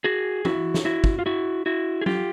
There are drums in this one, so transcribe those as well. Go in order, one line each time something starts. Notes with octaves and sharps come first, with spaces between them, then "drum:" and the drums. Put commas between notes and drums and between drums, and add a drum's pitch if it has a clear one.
F#4 G#4
E4 F#4, drum: tom E3
drum: snare
E4 F#4
drum: kick
F4
E4 F#4
E4 F#4
G#4
F4 G4, drum: tom F#3